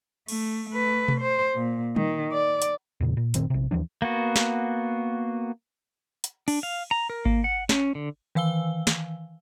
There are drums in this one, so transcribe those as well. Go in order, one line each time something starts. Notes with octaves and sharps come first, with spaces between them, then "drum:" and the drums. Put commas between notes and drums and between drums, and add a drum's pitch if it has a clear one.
A3, drum: cymbal
A3 B4
drum: tom B2
C5
A#2
D#3, drum: tom G3
D5
drum: hi-hat
E2 A#2 C#3
A#2
F#1 A#2 D#3 C4, drum: hi-hat
A#1 C3
D#2 E3 F3 D4
A#3 B3 F#4
drum: snare
drum: hi-hat
D4, drum: cymbal
F5
A#5
A#4
A#3, drum: kick G#1
F#5
C#4, drum: snare
D3
D#3 E3 F5 E6 G7
drum: snare